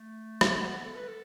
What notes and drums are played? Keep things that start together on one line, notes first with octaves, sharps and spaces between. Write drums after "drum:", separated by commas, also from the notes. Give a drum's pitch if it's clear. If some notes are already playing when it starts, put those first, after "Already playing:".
Already playing: A3
drum: rim click
A3
B3
A4
B4
A4